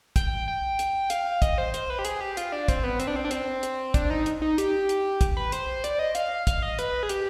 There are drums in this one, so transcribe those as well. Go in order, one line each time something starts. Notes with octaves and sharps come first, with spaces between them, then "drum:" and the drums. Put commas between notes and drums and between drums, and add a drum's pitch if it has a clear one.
G5, drum: kick, hi-hat
G5
drum: hi-hat
F5, drum: hi-hat
D#5, drum: kick, hi-hat
C5
C5, drum: hi-hat
B4
G4
G#4, drum: hi-hat
G4
F4, drum: hi-hat
D4
C4, drum: kick, hi-hat
B3
C4, drum: hi-hat
D4
C4
D4
C4, drum: hi-hat
drum: hi-hat
D4, drum: kick, hi-hat
D#4
drum: hi-hat
D#4
G4, drum: hi-hat
drum: hi-hat
drum: kick, hi-hat
B4
C5, drum: hi-hat
D5, drum: hi-hat
D#5
F5, drum: hi-hat
F5, drum: kick, hi-hat
D#5
B4, drum: hi-hat
G#4
G4, drum: hi-hat